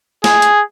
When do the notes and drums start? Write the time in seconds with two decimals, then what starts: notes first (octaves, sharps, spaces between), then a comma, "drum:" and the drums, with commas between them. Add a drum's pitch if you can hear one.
0.24 G#4, drum: snare
0.42 drum: hi-hat